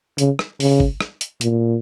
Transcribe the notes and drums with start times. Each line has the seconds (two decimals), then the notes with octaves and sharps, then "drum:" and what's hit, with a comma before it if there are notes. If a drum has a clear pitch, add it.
0.18 C#3, drum: hi-hat
0.39 drum: rim click
0.60 C#3, drum: open hi-hat
0.80 drum: kick
1.01 drum: rim click
1.21 drum: hi-hat
1.41 A#2, drum: hi-hat